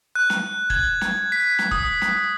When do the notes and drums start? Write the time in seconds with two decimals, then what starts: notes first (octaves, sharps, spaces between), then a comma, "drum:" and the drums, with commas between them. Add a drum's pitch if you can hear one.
0.15 F#6
0.30 drum: snare
0.70 G#6, drum: kick
1.01 drum: snare
1.32 B6
1.59 drum: snare
1.71 D#6, drum: kick
2.02 drum: snare